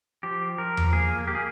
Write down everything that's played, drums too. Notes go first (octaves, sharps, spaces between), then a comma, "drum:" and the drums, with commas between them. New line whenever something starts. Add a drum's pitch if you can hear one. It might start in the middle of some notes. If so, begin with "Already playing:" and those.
F3 G4
F3 A#4
drum: tom E2
A#3 G#4
A#3 G4
G#4